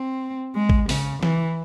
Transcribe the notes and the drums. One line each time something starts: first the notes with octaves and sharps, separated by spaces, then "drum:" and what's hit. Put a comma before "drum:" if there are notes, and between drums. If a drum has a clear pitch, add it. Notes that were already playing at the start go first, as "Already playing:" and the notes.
Already playing: C4
G#3
drum: kick
C#3, drum: open hi-hat
E3, drum: snare